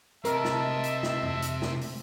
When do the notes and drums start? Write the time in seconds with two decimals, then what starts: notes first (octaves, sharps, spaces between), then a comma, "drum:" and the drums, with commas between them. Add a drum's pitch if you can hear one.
0.25 C3 C4 A#4 D#5 E5 A5, drum: hi-hat
0.44 drum: snare
0.84 drum: hi-hat
1.03 drum: snare
1.23 drum: tom F2
1.42 drum: hi-hat
1.62 drum: snare
1.81 drum: open hi-hat